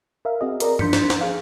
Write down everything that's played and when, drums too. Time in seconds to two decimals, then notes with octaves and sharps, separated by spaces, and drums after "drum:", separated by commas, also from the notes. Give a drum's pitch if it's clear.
0.25 A#4 E5 F5
0.41 C4 F#4 G#4 D#5
0.60 G#4 A#4 D5 D#5 A#5, drum: hi-hat
0.79 F3 D4 C6 G6 B6 C#7, drum: tom G2
0.93 drum: snare
1.10 drum: snare
1.21 G#4 F5